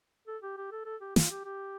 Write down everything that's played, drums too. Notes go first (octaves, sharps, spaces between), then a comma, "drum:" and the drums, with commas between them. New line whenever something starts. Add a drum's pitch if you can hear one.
A4
G4
G4
A4
A4
G4
F4, drum: snare
G4
G4